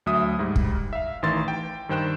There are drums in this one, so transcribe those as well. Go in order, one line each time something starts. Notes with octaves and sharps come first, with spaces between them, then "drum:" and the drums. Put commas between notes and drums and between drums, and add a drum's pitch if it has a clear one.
D2 F#3 E5 D#6
G#2 G3
drum: kick
E5 F5
A1 D#3 E3 C6 A6
G5
G2 D#3 C5 G5 F#6 E7